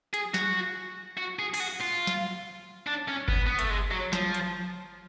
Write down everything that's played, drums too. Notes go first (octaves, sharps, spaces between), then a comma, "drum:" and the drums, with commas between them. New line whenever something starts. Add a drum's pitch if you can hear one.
G#4, drum: hi-hat
F#4, drum: snare
F#4
G#4
G#4, drum: cymbal
F#4
F4
drum: snare
D4
C#4
B3, drum: kick G1
B3
A3, drum: hi-hat
G#3
F#3
F3, drum: snare
drum: hi-hat